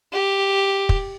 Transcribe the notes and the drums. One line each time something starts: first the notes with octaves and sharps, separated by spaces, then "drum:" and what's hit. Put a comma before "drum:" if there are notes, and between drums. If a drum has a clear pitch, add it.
G4
drum: kick